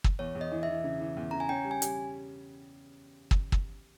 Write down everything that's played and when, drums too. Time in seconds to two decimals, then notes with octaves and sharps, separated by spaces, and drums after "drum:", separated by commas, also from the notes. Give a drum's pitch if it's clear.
0.04 drum: kick
0.19 E2 C#5
0.35 E2
0.41 D#5
0.52 E3
0.63 E5
0.68 E3
0.84 C#3
1.01 E3
1.17 E2
1.31 C#3 A#5
1.40 G#5
1.49 C#4 G5
1.65 G3
1.71 G#5
1.82 G3, drum: hi-hat
3.31 drum: kick
3.52 drum: kick